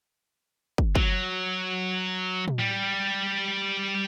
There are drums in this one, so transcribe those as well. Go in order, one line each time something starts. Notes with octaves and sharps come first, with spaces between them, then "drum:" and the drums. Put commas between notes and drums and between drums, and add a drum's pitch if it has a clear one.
drum: kick
F#3, drum: kick
drum: tom
G3